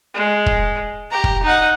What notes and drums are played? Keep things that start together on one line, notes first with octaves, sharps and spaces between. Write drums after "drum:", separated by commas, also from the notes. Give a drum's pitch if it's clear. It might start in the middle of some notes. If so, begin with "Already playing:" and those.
G#3
drum: kick
G4 A#5
drum: kick
D#4 F#5